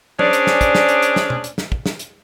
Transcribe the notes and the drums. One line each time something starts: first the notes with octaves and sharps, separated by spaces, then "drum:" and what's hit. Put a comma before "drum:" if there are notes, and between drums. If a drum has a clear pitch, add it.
C#4 D4 G#4 C5 D5, drum: tom
drum: hi-hat
drum: snare
drum: kick, hi-hat
drum: snare
drum: hi-hat
drum: hi-hat
drum: snare
drum: tom B2
drum: hi-hat
drum: snare
drum: kick
drum: snare
drum: hi-hat